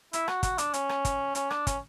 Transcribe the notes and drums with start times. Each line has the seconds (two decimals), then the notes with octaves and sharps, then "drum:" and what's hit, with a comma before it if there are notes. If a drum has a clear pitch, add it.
0.13 E4, drum: hi-hat
0.28 F#4, drum: rim click
0.43 F#4, drum: kick, hi-hat
0.58 D4, drum: hi-hat
0.74 C#4, drum: hi-hat
0.89 drum: rim click
1.05 drum: kick, hi-hat
1.35 C#4, drum: hi-hat
1.50 D4, drum: rim click
1.67 C#4, drum: kick, hi-hat